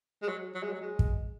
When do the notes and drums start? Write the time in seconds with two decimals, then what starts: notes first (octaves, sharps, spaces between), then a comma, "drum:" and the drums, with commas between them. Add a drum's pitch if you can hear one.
0.23 G#3
0.28 F#3
0.55 F#3
0.63 G#3
0.72 F#3
0.82 G#3
0.99 drum: kick